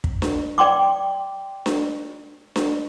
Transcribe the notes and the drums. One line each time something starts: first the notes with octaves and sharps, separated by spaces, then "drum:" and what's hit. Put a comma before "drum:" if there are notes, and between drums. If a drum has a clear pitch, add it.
drum: kick
drum: snare D4
D5 G5 C6 D6
drum: snare D4
drum: snare D4